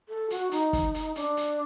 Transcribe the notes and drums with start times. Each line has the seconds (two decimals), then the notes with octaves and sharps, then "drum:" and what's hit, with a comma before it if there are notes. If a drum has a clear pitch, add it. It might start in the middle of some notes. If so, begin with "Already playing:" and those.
0.09 A4
0.30 F#4, drum: hi-hat
0.52 D#4, drum: hi-hat
0.73 drum: kick, hi-hat
0.94 drum: hi-hat
1.16 D4, drum: hi-hat
1.37 drum: hi-hat